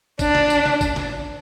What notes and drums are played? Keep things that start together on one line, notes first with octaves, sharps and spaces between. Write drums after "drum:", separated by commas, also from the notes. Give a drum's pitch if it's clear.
D4, drum: kick, tambourine
drum: snare
drum: tambourine
drum: snare
drum: kick, tambourine
drum: snare